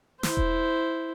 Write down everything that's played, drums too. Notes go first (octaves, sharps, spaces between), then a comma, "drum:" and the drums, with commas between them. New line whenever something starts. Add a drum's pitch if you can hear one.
E4 C5, drum: snare
drum: kick E1